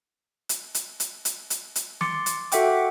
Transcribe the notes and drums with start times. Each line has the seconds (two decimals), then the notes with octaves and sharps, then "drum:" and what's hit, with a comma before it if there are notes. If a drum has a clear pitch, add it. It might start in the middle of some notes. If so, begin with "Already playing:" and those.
0.49 drum: hi-hat
0.75 drum: hi-hat
1.00 drum: hi-hat
1.25 drum: hi-hat
1.50 drum: hi-hat
1.76 drum: hi-hat
2.01 C6 D6 A6 C#7, drum: snare
2.26 drum: hi-hat
2.52 F#4 A4 E5 F#5 G5 D6, drum: hi-hat